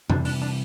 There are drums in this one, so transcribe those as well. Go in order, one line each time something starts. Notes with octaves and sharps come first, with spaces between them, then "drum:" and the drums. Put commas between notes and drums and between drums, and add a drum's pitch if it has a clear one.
C2 C3 E3 D4, drum: tom F2
D4, drum: open hi-hat
D4